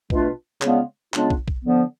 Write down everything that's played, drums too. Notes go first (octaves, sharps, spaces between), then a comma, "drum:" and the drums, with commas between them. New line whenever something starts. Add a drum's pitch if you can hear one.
B2 A3 D4 F4 B4, drum: kick
C#3 G#3 B3 D4 F4, drum: clap
C#3 G#3 B3 D4 F4, drum: clap
drum: kick
drum: kick
D3 F3 B3